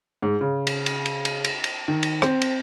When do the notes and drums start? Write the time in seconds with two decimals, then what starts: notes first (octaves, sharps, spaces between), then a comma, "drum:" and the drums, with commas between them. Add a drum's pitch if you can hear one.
0.22 G#2
0.41 C#3
0.67 drum: cymbal
0.86 drum: cymbal
1.06 drum: cymbal
1.25 drum: cymbal
1.44 drum: cymbal
1.64 drum: cymbal
1.88 D#3
2.03 drum: cymbal
2.22 C4, drum: rim click
2.42 drum: cymbal